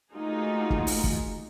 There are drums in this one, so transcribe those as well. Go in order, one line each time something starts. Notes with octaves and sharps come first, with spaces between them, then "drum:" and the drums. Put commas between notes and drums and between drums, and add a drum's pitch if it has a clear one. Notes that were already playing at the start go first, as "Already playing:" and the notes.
A3 A#3 D#4 F4 F#4 G#4
drum: kick
drum: open hi-hat
drum: kick